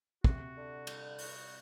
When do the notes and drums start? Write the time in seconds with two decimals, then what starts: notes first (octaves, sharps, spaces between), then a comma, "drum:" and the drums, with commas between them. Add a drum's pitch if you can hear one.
0.24 C3 F#4, drum: kick
0.56 D3
0.87 G3, drum: cymbal
1.19 F#4, drum: open hi-hat